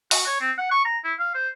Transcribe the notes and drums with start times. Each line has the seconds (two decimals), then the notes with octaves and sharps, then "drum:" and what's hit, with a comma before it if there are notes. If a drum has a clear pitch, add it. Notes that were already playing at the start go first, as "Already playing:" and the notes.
0.11 F#4, drum: open hi-hat
0.27 C#5
0.41 C4
0.58 F#5
0.71 C#6
0.85 A#5
1.04 E4
1.19 F5
1.35 C5